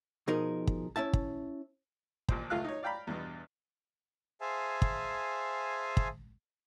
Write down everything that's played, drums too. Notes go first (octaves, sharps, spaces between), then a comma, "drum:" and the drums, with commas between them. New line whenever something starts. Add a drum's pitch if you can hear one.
B2 F3 D#4 G#4 A#4
drum: kick
C#4 E4 E5 A5
drum: kick
A1 A#2 C5, drum: kick
C#2 A3 F4 F5 F#6
D#4 C#5
D5 F5 G5 A#5 B5
E2 G2 B2
G#4 C5 E5 F5 G#5 A5
drum: kick
drum: kick